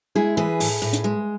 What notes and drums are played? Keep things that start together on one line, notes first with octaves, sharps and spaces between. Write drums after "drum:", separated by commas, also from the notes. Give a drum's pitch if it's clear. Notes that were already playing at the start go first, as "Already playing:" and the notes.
G#3 E4 G#4
E3 G#4 B4
A2, drum: open hi-hat
A2
drum: hi-hat
G#3